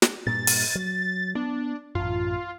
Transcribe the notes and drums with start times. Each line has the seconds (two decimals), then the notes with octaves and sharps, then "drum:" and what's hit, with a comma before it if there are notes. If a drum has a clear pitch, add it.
0.02 drum: snare
0.27 G2 A#2 A6
0.47 drum: open hi-hat
0.75 F#3
1.35 B3 D4
1.95 A1 F#2 F4